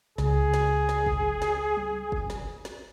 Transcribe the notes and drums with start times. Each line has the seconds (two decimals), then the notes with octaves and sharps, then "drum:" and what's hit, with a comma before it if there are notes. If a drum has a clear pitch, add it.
0.18 C#2 G#4, drum: snare
0.54 drum: snare
0.89 drum: snare
1.06 drum: kick
1.42 drum: snare
1.77 drum: tom F#3
2.12 drum: kick
2.30 drum: snare
2.65 drum: snare